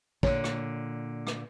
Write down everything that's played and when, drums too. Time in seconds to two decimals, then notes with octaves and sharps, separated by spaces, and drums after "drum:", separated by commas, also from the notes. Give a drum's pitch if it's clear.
0.23 A#2 D3 C#5, drum: kick
0.44 drum: rim click
1.27 drum: rim click